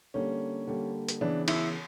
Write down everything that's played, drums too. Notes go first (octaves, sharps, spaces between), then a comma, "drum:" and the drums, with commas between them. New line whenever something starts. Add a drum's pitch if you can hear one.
D3 G3 A#3 C#4
D3 G3 A#3
drum: hi-hat
C#3 E3 B3 D4
E4, drum: cymbal